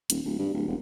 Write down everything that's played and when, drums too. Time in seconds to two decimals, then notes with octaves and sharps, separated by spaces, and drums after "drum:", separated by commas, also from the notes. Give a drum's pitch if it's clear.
0.10 D#1, drum: hi-hat
0.25 D1
0.38 G2
0.54 D1
0.67 E1